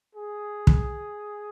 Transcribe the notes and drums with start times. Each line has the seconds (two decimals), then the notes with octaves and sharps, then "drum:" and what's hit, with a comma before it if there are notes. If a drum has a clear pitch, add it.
0.15 G#4
0.67 drum: kick